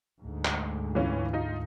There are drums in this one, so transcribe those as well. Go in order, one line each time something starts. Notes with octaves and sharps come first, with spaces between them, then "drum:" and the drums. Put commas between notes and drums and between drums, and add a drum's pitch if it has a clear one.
D2 G#2
drum: clap
E3 C#4 F4
D#4 F4